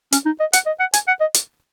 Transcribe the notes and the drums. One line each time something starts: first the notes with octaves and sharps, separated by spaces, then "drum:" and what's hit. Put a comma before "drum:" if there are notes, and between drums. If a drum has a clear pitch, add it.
C#4, drum: hi-hat
D#4
D#5
F#5, drum: hi-hat
D#5
F#5
G#5, drum: hi-hat
F#5
D#5
drum: hi-hat